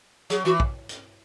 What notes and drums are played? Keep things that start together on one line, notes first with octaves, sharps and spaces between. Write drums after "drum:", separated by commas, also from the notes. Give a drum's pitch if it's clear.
F#3 G#4, drum: hi-hat
E3 F#4
drum: kick
drum: hi-hat